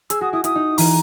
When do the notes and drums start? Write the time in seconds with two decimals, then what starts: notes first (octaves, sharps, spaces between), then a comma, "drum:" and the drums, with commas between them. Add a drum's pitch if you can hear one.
0.10 G#4 E6, drum: hi-hat
0.21 F#4 D#6
0.33 E4 D#6
0.44 E4 D#6, drum: hi-hat
0.55 D#4
0.78 E3 A#5, drum: open hi-hat